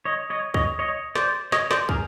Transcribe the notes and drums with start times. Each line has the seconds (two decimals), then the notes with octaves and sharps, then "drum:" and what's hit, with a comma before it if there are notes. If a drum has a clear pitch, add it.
0.05 C#5 D#5
0.30 C#5 D#5
0.54 C#5 D#5, drum: kick
0.79 C#5 D#5
1.15 C5 D5, drum: snare
1.52 C#5 D#5, drum: snare
1.71 C5 D5, drum: snare
1.89 G#4 A#4, drum: kick